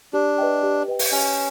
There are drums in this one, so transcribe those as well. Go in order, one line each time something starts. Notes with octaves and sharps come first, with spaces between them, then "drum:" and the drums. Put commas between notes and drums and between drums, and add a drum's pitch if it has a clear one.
D4 G4
B4 D#5 G5
G4
B4 D#5 G5
drum: open hi-hat
C#4 G4